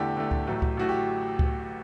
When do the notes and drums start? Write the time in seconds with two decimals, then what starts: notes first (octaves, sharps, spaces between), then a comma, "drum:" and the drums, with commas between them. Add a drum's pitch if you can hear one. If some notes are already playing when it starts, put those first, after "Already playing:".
Already playing: E2 D3 A3 G4
0.16 E2 D3 A3
0.31 drum: kick C#2
0.47 A1 A2 F#3 A3
0.62 drum: kick C#2
0.77 A1 A2 F#3 A3 F#4
0.89 G4
1.39 drum: kick C#2